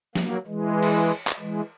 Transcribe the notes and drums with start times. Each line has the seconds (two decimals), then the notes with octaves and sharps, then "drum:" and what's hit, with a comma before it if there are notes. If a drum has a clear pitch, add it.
0.15 F#3 A#3, drum: snare
0.47 E3 G#3
0.83 drum: cymbal
1.27 drum: clap
1.39 E3 G#3